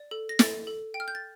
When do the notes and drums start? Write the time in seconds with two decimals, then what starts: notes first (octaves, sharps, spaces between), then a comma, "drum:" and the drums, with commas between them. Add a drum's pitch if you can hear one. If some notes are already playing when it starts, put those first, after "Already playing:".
Already playing: D5
0.11 A4
0.29 A#6
0.39 A4 A6, drum: snare
0.67 A4
0.94 G5
1.00 F6
1.08 G6
1.15 A6